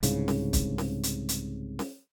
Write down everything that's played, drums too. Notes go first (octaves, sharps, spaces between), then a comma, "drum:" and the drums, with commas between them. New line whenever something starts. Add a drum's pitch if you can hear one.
C2 G#2 C#3, drum: hi-hat
drum: snare C#4
drum: kick, hi-hat
drum: snare C#4
drum: hi-hat
drum: hi-hat
drum: snare C#4